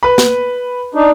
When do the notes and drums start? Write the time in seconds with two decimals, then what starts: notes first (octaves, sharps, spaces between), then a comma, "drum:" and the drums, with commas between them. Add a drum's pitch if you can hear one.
0.03 B4 B5
0.18 drum: snare
0.95 D4 D#4